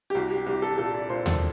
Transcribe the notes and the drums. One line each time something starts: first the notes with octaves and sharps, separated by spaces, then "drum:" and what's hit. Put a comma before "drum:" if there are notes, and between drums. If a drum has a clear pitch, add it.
G4
C2 F#4
G4
C2 G4
A4
A#2 A4
D5
A#2 C5
A4, drum: tom D#2